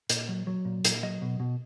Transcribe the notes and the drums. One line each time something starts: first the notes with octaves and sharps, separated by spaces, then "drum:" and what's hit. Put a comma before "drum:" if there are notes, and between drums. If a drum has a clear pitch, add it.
A#2, drum: hi-hat
F#3
F#3
A#2
A#2, drum: hi-hat
F#3 D#5
B2
B2